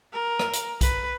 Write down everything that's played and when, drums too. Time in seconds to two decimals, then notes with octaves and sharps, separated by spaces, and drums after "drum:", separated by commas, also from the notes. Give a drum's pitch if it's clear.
0.13 A#4
0.39 drum: rim click
0.53 drum: hi-hat
0.81 B4, drum: kick B1, hi-hat